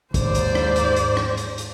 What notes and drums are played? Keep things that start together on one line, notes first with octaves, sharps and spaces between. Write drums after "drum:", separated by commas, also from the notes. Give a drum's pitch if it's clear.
D#2 G#2 C5 D5, drum: kick, hi-hat
drum: hi-hat
drum: rim click
drum: hi-hat
drum: hi-hat
drum: rim click
drum: hi-hat
drum: hi-hat